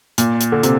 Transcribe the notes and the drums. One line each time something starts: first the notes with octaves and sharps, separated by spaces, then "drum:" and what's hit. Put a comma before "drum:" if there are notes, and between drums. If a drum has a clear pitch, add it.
A#2, drum: hi-hat
drum: hi-hat
D3
C3, drum: hi-hat